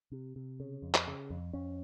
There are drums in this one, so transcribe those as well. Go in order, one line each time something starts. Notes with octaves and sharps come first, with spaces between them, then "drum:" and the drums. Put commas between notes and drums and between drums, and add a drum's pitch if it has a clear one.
C3
C3
C#3
F2
drum: clap
C#3
F2
F2 C#4